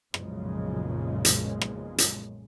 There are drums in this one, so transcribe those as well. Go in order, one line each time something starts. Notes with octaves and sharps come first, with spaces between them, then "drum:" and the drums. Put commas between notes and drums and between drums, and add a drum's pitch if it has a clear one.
B1 F#2 A#2 C#3 F3 G#3, drum: rim click
drum: hi-hat
drum: rim click
drum: hi-hat